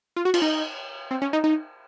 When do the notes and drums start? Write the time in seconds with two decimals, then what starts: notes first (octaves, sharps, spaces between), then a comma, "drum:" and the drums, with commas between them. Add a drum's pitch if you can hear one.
0.16 F4
0.25 F#4
0.34 F4, drum: cymbal
0.42 D#4
1.11 C4
1.22 C#4
1.33 D#4
1.44 D#4